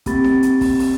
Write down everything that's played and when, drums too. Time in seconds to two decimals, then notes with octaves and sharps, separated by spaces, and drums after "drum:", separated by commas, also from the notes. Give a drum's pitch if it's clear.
0.06 A#3 C4 G4 B5 A6, drum: kick, hi-hat
0.24 drum: snare D#4
0.43 drum: hi-hat
0.61 drum: kick, open hi-hat
0.79 drum: open hi-hat